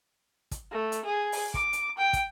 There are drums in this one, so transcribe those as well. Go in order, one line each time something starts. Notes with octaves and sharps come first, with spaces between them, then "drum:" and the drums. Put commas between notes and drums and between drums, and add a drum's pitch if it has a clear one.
drum: kick, hi-hat
A3
drum: hi-hat
G#4
drum: open hi-hat
D6, drum: kick
drum: hi-hat
G5
drum: kick, hi-hat